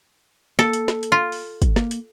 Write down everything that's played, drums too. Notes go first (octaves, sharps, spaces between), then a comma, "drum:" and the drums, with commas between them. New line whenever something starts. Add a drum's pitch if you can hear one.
A#3 A4, drum: snare
drum: hi-hat
drum: snare
drum: hi-hat
F4
drum: open hi-hat
drum: kick, hi-hat
A#3, drum: snare
drum: hi-hat